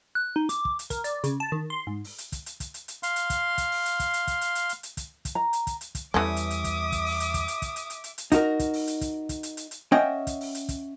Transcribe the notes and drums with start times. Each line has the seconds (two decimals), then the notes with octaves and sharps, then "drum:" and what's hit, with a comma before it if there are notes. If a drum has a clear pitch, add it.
0.15 F#6
0.36 D#4
0.49 D6, drum: hi-hat
0.65 drum: kick
0.79 drum: hi-hat
0.90 A#4, drum: kick, hi-hat
1.04 D5, drum: hi-hat
1.24 C#3, drum: hi-hat
1.40 A5
1.52 D#3
1.70 C6
1.87 G#2
2.04 drum: open hi-hat
2.18 drum: hi-hat
2.32 drum: kick, hi-hat
2.46 drum: hi-hat
2.60 drum: kick, hi-hat
2.74 drum: hi-hat
2.88 drum: hi-hat
3.03 F5 C6, drum: hi-hat
3.16 drum: hi-hat
3.30 drum: kick, hi-hat
3.58 drum: kick, hi-hat
3.72 drum: open hi-hat
3.86 drum: hi-hat
4.00 drum: kick, hi-hat
4.13 drum: hi-hat
4.27 drum: kick, hi-hat
4.41 drum: hi-hat
4.55 drum: hi-hat
4.69 drum: hi-hat
4.83 drum: hi-hat
4.97 drum: kick, hi-hat
5.25 drum: kick, hi-hat
5.35 A#5
5.53 drum: hi-hat
5.67 drum: kick, hi-hat
5.81 drum: hi-hat
5.95 drum: kick, hi-hat
6.14 E2 E3 G3 A3 C#4 E5 D6 D#6
6.36 drum: hi-hat
6.50 drum: hi-hat
6.64 drum: kick, hi-hat
6.92 drum: kick, hi-hat
7.06 drum: open hi-hat
7.20 drum: hi-hat
7.34 drum: kick, hi-hat
7.48 drum: hi-hat
7.62 drum: kick, hi-hat
7.76 drum: hi-hat
7.90 drum: hi-hat
8.04 drum: hi-hat
8.18 drum: hi-hat
8.32 D#4 F#4 A#4, drum: kick, hi-hat
8.59 drum: kick, hi-hat
8.73 drum: open hi-hat
8.87 drum: hi-hat
9.01 drum: kick, hi-hat
9.29 drum: kick, hi-hat
9.43 drum: hi-hat
9.57 drum: hi-hat
9.71 drum: hi-hat
9.92 C#4 D#5 E5 F#5 G5
10.27 drum: kick, hi-hat
10.41 drum: open hi-hat
10.55 drum: hi-hat
10.69 drum: kick, hi-hat